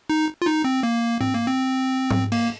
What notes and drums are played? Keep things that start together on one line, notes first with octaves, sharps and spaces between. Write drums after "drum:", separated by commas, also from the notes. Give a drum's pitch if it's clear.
D#4
F4
D#4
C4
A#3
C4, drum: tom G#2
A#3
C4
drum: tom G#2
A#3, drum: cymbal